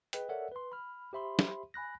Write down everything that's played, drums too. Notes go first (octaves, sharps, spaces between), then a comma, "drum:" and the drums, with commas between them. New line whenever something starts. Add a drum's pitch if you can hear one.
G#4 B4 D#5 G5, drum: hi-hat
A4 A#4 C#5 D5 E5 F#5
B4 C6
B5 F6
G4 C5 E5 B5 C6
drum: snare
G#5 B5 F#6 A#6